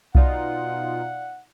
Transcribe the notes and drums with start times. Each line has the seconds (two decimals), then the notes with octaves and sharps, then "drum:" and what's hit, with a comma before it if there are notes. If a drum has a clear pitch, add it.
0.15 B2 D#4 F4 D5 F5 F#5, drum: kick B1